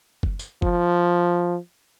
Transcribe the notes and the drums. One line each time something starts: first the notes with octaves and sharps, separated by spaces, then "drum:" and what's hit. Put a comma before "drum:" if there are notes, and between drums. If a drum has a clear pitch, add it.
drum: kick F#1
drum: tambourine
F3, drum: kick F#1